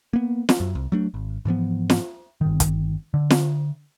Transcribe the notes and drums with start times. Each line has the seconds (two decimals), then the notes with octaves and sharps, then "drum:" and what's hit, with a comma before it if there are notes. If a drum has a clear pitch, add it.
0.13 A#3 B3
0.49 drum: snare
0.60 F#2
0.75 C2
0.92 F#3 A3 D4
1.14 G#1
1.45 G#2 E3 F3 B3
1.90 drum: snare
2.41 G1 D#3
2.60 drum: kick, hi-hat
3.14 D3
3.30 drum: snare